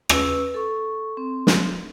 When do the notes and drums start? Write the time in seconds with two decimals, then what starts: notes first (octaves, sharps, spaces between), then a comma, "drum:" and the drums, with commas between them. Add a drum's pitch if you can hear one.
0.09 C#4 B4 E6, drum: rim click
0.54 A4 C#6
1.17 C4
1.47 drum: snare